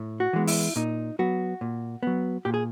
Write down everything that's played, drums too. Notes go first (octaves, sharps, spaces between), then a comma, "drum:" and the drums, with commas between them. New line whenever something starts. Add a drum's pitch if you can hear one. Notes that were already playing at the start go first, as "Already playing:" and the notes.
Already playing: A2
F#4
E3 G#3 B3
E4, drum: open hi-hat
A#2 D#4
F#3 B3 F#4
A#2
F#3 B3
A#2 G4
G#4